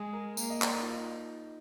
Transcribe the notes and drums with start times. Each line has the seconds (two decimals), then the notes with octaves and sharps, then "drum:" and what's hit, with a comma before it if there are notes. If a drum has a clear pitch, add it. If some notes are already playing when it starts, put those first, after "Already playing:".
Already playing: G#3 G#4
0.13 A#4
0.37 A#3, drum: tambourine
0.50 D#5
0.62 D5, drum: clap
0.73 D#4
0.82 F4
0.91 D#4